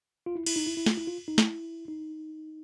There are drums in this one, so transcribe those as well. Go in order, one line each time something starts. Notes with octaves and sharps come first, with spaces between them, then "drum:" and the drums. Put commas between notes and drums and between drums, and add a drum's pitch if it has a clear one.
F4
E4
E4, drum: cymbal
D#4
E4
E4
F4, drum: snare
E4
F4
D#4
E4, drum: snare
D#4